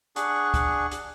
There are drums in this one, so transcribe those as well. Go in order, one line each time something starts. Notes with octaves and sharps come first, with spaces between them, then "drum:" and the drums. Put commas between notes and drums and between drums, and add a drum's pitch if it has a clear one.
D4 G#4 F#5 C#6, drum: hi-hat
drum: kick, hi-hat
drum: hi-hat